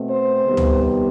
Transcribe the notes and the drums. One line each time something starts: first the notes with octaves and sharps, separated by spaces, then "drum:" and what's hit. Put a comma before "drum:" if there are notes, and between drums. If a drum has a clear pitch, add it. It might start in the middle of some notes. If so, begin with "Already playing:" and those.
Already playing: B2 A3 C4
C5
C3 D#3 G3 B3
drum: tom C#2